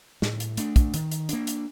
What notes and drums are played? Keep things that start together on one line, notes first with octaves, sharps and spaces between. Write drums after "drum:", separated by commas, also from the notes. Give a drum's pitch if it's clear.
A2, drum: snare
drum: hi-hat
A3 D4, drum: hi-hat
drum: kick, hi-hat
D#3, drum: hi-hat
drum: hi-hat
A#3 D4, drum: hi-hat
drum: hi-hat